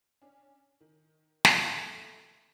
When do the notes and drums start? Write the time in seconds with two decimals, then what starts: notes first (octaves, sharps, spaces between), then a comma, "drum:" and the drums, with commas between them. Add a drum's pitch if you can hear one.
0.22 C#4 D4
0.81 D#3
1.45 drum: snare
1.64 A3